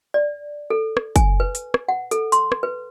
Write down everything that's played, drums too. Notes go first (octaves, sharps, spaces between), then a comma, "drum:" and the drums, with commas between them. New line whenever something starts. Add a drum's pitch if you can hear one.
D5
A4
drum: rim click
G#5, drum: kick F#1, hi-hat
B4
drum: hi-hat
drum: rim click
F#5
A4, drum: hi-hat
C6, drum: hi-hat
drum: rim click
B4